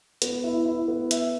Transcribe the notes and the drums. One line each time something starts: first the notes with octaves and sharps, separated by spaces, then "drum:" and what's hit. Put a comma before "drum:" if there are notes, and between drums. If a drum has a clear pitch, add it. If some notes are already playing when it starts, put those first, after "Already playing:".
B3, drum: hi-hat
E4
E4
B3
E5, drum: hi-hat